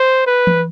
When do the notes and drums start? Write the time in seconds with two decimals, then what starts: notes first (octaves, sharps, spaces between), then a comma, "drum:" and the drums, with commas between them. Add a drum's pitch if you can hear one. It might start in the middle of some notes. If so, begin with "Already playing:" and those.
Already playing: C5
0.26 B4
0.47 drum: tom E3